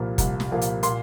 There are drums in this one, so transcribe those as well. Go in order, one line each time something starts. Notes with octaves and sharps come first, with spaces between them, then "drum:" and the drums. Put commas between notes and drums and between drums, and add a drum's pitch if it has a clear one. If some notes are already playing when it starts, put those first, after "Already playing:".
Already playing: C2 A#2 F3 A#3
C2, drum: kick F#1, hi-hat
drum: snare
A#2 F3 A#3
drum: hi-hat
A#2 C6, drum: hi-hat